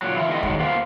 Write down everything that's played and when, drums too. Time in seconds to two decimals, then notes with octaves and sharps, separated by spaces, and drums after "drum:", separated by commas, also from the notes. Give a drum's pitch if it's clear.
0.02 A#2 F#3
0.16 E3 E4 F4
0.29 A2 E3 G3 B3 E4 D#5
0.43 D#3 F#3 G#3, drum: kick D#2
0.59 A#3 B3 C5 F5